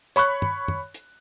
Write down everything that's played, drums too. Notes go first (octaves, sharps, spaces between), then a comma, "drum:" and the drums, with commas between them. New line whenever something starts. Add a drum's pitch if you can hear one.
C#5 B5 C#6 F#6, drum: hi-hat
drum: tom
drum: tom
drum: hi-hat